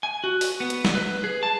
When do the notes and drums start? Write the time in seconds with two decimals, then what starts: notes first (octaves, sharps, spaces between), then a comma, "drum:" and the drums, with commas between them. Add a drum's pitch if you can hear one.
0.03 G#5
0.24 F#4
0.41 drum: open hi-hat
0.60 B3
0.70 drum: hi-hat
0.85 drum: snare
0.95 B4
1.24 G#4
1.43 A5